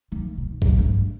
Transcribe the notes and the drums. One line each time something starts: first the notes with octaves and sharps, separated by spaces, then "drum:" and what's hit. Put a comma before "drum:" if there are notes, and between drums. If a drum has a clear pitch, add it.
D#3
B2
F#2, drum: kick
F#2
G2